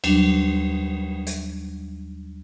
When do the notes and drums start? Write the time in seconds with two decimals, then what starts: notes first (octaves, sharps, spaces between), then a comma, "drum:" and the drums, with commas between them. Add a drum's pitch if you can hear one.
0.04 D#2 F#3 G3 D4, drum: cymbal
1.27 drum: hi-hat